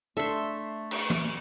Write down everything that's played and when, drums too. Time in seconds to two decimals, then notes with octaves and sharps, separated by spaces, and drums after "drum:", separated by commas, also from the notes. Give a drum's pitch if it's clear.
0.17 A3 D4 A4 E5 C6
0.91 drum: cymbal
1.10 drum: tom E3